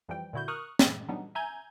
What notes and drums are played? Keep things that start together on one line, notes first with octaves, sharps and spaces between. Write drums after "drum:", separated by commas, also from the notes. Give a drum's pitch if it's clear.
F2 E3 F3 G3 G5
A#2 D3 E4 F#4 G6
A#4 C#6 D#6 F6 F#6
A3 G4, drum: snare
F#3 G3 B3 D4 D#4
E5 G#5 A#5 G6 G#6